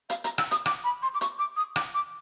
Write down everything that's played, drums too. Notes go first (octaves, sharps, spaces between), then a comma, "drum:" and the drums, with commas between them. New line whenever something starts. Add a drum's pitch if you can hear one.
F5, drum: hi-hat
A#5, drum: hi-hat
E6, drum: rim click
D#6, drum: hi-hat
D6, drum: rim click
B5
C6
D6
C#6, drum: hi-hat
D6
D#6
D6, drum: rim click
D6